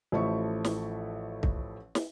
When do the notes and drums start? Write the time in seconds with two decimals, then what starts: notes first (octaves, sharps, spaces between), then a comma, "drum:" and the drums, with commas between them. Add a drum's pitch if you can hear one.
0.12 A1 F3 A3 E4 C#6
0.65 drum: snare
1.43 drum: kick
1.95 drum: snare